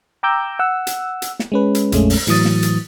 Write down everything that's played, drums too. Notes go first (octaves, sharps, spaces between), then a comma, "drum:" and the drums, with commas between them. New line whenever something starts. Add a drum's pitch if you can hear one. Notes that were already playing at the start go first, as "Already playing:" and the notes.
G5 A#5 D6 E6 G6
F#5 E6
drum: hi-hat
drum: hi-hat
drum: snare
G#3 C#4 B4
drum: hi-hat
A#1 F2 G#3 A3 C#4, drum: hi-hat
drum: open hi-hat
A2 E3 F#3 D#6 A6, drum: hi-hat
drum: snare
drum: hi-hat